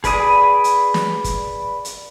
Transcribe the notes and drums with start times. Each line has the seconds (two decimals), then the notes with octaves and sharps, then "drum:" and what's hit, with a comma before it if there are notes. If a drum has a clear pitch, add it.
0.04 G#4 B4 D5 D#6, drum: kick, hi-hat
0.64 drum: hi-hat
0.94 drum: snare
1.24 drum: kick, hi-hat
1.85 drum: hi-hat